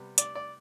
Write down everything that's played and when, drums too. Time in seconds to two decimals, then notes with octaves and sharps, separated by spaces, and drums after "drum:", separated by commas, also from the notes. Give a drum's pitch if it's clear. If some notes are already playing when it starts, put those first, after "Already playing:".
Already playing: C3 G3 B3
0.18 D5, drum: hi-hat
0.35 D5